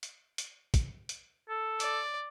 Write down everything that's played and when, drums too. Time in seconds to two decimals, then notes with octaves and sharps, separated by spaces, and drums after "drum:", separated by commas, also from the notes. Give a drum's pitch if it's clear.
0.03 drum: hi-hat
0.38 drum: hi-hat
0.74 drum: kick, hi-hat
1.09 drum: hi-hat
1.49 A4
1.80 D5, drum: hi-hat